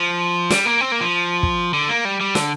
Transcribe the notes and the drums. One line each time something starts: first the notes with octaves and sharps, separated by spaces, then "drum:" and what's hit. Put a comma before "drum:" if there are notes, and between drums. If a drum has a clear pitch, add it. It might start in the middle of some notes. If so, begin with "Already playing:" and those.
Already playing: F3
G3, drum: snare
A#3
C4
A#3
F3
drum: kick
D3
A#3
G3
G3
D3, drum: snare